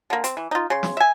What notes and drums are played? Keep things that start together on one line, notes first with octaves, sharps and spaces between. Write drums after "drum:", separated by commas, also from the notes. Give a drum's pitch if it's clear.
D3 A#3
C4, drum: hi-hat
E3
D#4 F4
C#3 C6
drum: snare
E5 G#5